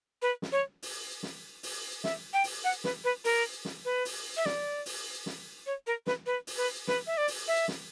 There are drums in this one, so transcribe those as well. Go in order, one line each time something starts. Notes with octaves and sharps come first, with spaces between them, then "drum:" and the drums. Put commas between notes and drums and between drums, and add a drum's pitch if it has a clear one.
B4
drum: snare
C#5
drum: open hi-hat
drum: snare
drum: open hi-hat
E5, drum: snare
G5
drum: open hi-hat
F#5
B4, drum: snare
B4
A#4, drum: open hi-hat
drum: snare
B4
drum: open hi-hat
E5
D5, drum: snare
drum: open hi-hat
drum: snare
C#5
A#4
B4, drum: snare
B4
drum: open hi-hat
B4
B4, drum: snare
E5
D5
drum: open hi-hat
E5
drum: snare